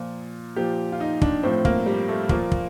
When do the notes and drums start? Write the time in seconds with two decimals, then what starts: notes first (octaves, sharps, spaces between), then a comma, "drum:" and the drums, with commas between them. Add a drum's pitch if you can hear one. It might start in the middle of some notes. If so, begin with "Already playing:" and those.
Already playing: A#2 F3
0.56 A#2 F3 G4
0.92 F4
1.00 D#4
1.22 D4, drum: kick
1.43 A2 F3 C4
1.65 A#3, drum: kick
1.86 G3
2.09 A3
2.29 A#2 F3 A#3, drum: kick
2.52 drum: kick